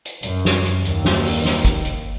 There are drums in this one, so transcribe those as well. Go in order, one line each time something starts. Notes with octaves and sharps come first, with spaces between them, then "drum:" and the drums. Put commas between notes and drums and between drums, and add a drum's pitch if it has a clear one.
drum: hi-hat
F#2, drum: hi-hat
drum: snare
drum: hi-hat
D#2, drum: hi-hat
drum: snare
drum: open hi-hat
drum: snare
drum: kick G#1, hi-hat
drum: hi-hat